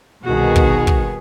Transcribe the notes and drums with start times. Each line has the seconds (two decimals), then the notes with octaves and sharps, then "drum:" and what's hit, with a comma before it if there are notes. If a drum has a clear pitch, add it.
0.24 C2 B2 D#3 B3 F#4 G#4
0.56 drum: kick
0.87 drum: kick